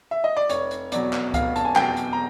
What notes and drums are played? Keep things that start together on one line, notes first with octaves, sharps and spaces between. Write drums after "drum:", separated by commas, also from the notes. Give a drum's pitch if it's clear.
E5
D#5
D5
F1 C#5, drum: hi-hat
drum: hi-hat
E2 B2 F#3 D5, drum: hi-hat
drum: clap
F1 F5, drum: kick C#2, hi-hat
A5, drum: hi-hat
G#5
E2 B2 F#3 G5, drum: clap
drum: hi-hat
A#5